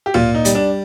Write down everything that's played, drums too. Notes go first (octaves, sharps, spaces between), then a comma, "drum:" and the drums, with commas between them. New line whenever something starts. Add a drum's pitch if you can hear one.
G4
A#2 F4, drum: tom
D#4
G3, drum: hi-hat
D4